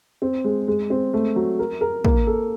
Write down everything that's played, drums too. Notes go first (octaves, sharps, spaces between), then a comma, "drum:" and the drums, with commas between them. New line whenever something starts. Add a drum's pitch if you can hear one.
C4
G#3
G#3
C4
A3
F#3
A#4
A#4
A#3, drum: kick
A4